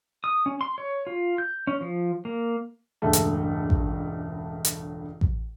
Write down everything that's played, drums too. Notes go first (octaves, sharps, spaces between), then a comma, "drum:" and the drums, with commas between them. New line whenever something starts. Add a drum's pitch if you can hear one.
D#6
C#4
C6
C#5
F4
G6
C#4
F3
A#3
E1 C#2 G2 A3 A4
drum: hi-hat
drum: kick A1
drum: hi-hat
drum: kick A1